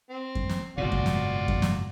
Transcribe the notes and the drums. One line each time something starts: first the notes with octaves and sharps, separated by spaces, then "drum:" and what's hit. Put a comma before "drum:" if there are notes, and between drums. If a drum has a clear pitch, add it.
C4
drum: kick F#2
drum: snare
F#1 G#2 B2 F4 F#4 D5
drum: kick F#2
drum: snare
drum: kick F#2
drum: snare